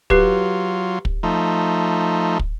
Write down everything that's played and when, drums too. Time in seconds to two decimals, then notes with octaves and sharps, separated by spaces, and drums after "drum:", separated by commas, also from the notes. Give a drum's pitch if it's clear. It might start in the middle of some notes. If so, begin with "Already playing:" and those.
0.10 F#3 F4 G4 B4 C7, drum: kick
1.05 drum: kick
1.23 F3 A3 D#4
2.39 drum: kick